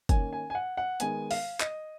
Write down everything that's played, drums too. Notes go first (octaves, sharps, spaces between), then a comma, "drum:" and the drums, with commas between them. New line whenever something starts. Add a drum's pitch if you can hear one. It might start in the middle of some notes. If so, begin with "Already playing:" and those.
D#3 A#3 C#4 G#5, drum: kick F#1, hi-hat
G#5
G#5
F#5
F#5
D#3 G#3 B3 G#5, drum: hi-hat
F5, drum: open hi-hat
D#5, drum: clap